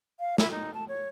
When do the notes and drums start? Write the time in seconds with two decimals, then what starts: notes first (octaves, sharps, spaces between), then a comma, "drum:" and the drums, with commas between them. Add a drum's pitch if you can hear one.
0.19 F5
0.38 E4, drum: snare
0.51 D#4
0.74 A5
0.88 C#5